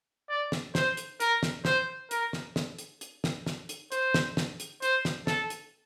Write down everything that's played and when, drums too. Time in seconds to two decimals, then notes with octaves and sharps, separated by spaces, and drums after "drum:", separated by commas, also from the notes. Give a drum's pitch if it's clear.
0.29 D5
0.52 drum: snare
0.75 C5, drum: snare
0.97 drum: hi-hat
1.20 A#4, drum: hi-hat
1.43 drum: snare
1.65 C5, drum: snare
2.11 A#4, drum: hi-hat
2.33 drum: snare
2.56 drum: snare
2.79 drum: hi-hat
3.01 drum: hi-hat
3.24 drum: snare
3.46 drum: snare
3.69 drum: hi-hat
3.92 C5, drum: hi-hat
4.14 drum: snare
4.37 drum: snare
4.60 drum: hi-hat
4.82 C5, drum: hi-hat
5.05 drum: snare
5.27 A4, drum: snare
5.50 drum: hi-hat